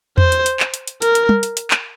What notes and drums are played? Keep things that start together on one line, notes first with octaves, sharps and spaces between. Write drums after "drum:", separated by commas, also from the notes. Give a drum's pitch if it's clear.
C5, drum: tom E2
drum: hi-hat
drum: hi-hat
drum: clap
drum: hi-hat
drum: hi-hat
A#4, drum: hi-hat
drum: hi-hat
drum: tom
drum: hi-hat
drum: hi-hat
drum: clap